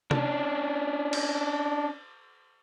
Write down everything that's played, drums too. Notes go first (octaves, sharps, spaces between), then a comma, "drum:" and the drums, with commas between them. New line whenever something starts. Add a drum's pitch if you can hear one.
C#4 D4, drum: tom C3
drum: cymbal